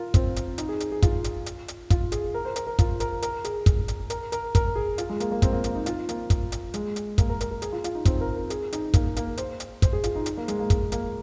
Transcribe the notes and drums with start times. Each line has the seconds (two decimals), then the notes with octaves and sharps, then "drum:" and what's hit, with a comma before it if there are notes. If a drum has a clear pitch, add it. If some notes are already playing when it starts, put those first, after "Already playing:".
Already playing: F4 A#4
0.14 C4, drum: kick, hi-hat
0.36 drum: hi-hat
0.58 D#4, drum: hi-hat
0.69 G#4
0.80 drum: hi-hat
0.92 G#4
1.02 F4, drum: kick, hi-hat
1.24 drum: hi-hat
1.46 drum: hi-hat
1.68 drum: hi-hat
1.90 F4, drum: kick, hi-hat
2.12 G#4, drum: hi-hat
2.34 A#4
2.45 C5
2.56 A#4, drum: hi-hat
2.67 A#4
2.79 F4, drum: kick, hi-hat
3.00 A#4, drum: hi-hat
3.22 A#4, drum: hi-hat
3.44 G#4, drum: hi-hat
3.66 drum: kick, hi-hat
3.88 drum: hi-hat
4.10 A#4, drum: hi-hat
4.32 A#4, drum: hi-hat
4.55 A#4, drum: kick, hi-hat
4.76 G#4
4.98 F4, drum: hi-hat
5.09 G#3
5.20 A#3, drum: hi-hat
5.32 A#3
5.42 C4, drum: kick, hi-hat
5.53 A#3
5.64 A#3, drum: hi-hat
5.75 D#4
5.86 F4, drum: hi-hat
6.09 A#3, drum: hi-hat
6.30 drum: kick, hi-hat
6.52 drum: hi-hat
6.74 G#3, drum: hi-hat
6.96 drum: hi-hat
7.18 A#3, drum: kick, hi-hat
7.30 A#4
7.41 A#4, drum: hi-hat
7.51 A#4
7.62 G#4, drum: hi-hat
7.72 F4
7.84 F4, drum: hi-hat
7.95 D#4
8.05 C4, drum: kick, hi-hat
8.21 A#4
8.36 A#4
8.50 G#4, drum: hi-hat
8.73 D#4, drum: hi-hat
8.94 A#3, drum: kick, hi-hat
9.16 A#3, drum: hi-hat
9.37 C5, drum: hi-hat
9.60 drum: hi-hat
9.82 C5, drum: kick, hi-hat
9.93 G#4
10.04 F4, drum: hi-hat
10.15 D#4
10.26 drum: hi-hat
10.37 A#3
10.48 G#3, drum: hi-hat
10.59 A#3
10.70 G#3, drum: kick, hi-hat
10.92 A#3, drum: hi-hat